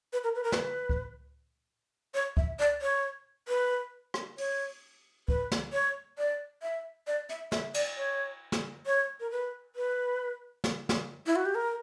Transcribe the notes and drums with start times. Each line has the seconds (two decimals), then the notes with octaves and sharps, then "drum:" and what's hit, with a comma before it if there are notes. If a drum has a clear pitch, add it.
0.13 B4
0.24 A#4
0.35 B4
0.44 A#4
0.52 B4, drum: snare
0.89 drum: kick C#2
2.14 C#5
2.37 E5, drum: kick C#2
2.59 D5
2.82 C#5
3.48 B4
4.14 drum: rim click
4.38 C#5, drum: open hi-hat
5.28 B4, drum: kick C#2
5.52 drum: snare
5.72 C#5
6.18 D5
6.62 E5
7.07 D5
7.29 E5, drum: hi-hat
7.52 E5, drum: snare
7.74 D5, drum: cymbal
7.97 C#5
8.52 drum: snare
8.86 C#5
9.20 A#4
9.31 B4
9.76 B4
10.64 drum: snare
10.89 drum: snare
11.26 E4
11.36 F#4
11.46 G4
11.55 A#4